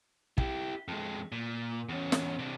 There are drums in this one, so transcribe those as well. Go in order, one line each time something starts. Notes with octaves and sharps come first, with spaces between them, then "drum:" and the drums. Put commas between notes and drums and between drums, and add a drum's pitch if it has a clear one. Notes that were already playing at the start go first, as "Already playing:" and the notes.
E4 G4, drum: kick
F2 G#3
A#2
E2 C#4
drum: snare
C3 D4